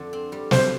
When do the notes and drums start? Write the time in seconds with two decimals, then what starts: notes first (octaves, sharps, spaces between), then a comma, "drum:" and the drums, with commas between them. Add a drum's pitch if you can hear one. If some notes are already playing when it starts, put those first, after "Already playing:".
Already playing: F2 D3 A3
0.13 C4
0.32 G3
0.51 B2 C5, drum: snare